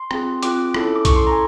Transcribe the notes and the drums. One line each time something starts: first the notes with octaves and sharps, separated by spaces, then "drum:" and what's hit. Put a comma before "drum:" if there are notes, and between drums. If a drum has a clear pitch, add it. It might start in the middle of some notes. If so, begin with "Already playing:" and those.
Already playing: C6
C4 F4 G#4, drum: rim click
C4 F4 G#4 D6, drum: hi-hat
C#4 E4 A4, drum: rim click
D6
C#4 E4 A4 C#6, drum: kick B1, hi-hat
C6
G#5 A#5